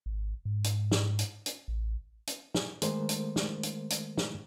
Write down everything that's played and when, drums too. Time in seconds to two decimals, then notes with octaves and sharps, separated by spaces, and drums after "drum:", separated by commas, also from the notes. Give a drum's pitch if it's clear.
0.06 G#1
0.45 G#2
0.64 drum: hi-hat
0.91 drum: snare
1.19 drum: hi-hat
1.46 drum: hi-hat
1.68 A1
2.27 drum: hi-hat
2.54 drum: snare
2.82 D#3 G#3 A3 A#4 C5, drum: hi-hat
3.09 drum: hi-hat
3.36 drum: snare
3.63 drum: hi-hat
3.90 drum: hi-hat
4.18 drum: snare